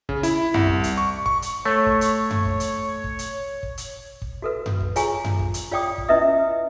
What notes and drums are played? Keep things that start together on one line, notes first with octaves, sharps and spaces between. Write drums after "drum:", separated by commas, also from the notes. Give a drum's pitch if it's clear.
C#3, drum: kick
E4, drum: hi-hat
C2, drum: tom F#2
drum: kick
drum: hi-hat
C#6
C#6, drum: kick
drum: hi-hat
A3 C#5
drum: kick
drum: hi-hat
drum: tom F#2
drum: kick
drum: hi-hat
drum: kick
drum: hi-hat
drum: kick
drum: hi-hat
drum: kick
F#4 A4 B4
drum: tom F#2
drum: kick
F4 G#4 C#5 G#5 A#5 C#6, drum: hi-hat
drum: tom F#2
drum: kick
drum: hi-hat
F4 C#5 D5 G5 D6 D#6
drum: kick
C#4 E4 B4 D#5 E5 D#6